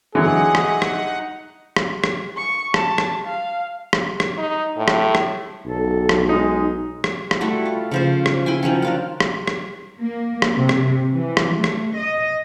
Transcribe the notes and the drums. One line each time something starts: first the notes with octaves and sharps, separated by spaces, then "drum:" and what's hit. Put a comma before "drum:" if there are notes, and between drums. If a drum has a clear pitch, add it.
D3 E3 F#3 D#4 G#4 F#5
drum: rim click
drum: rim click
drum: rim click
drum: rim click
C#6
A5, drum: rim click
drum: rim click
F5
drum: rim click
drum: rim click
D#4
A2
drum: rim click
drum: rim click
B1 A4
drum: rim click
G#3 D#4
drum: rim click
drum: rim click
G3 A3 E4 F#4
F4
C#3 F3 C5
drum: rim click
E4 G5 G#5
D#3 F3 F#3 C#4
D4 F4 A#4
drum: rim click
drum: rim click
A#3
drum: rim click
C3
drum: rim click
E3
drum: rim click
A3
drum: rim click
D#5